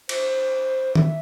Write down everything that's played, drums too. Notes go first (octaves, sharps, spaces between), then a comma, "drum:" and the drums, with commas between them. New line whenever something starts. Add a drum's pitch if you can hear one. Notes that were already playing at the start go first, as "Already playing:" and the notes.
C5, drum: cymbal
E5, drum: tom D#3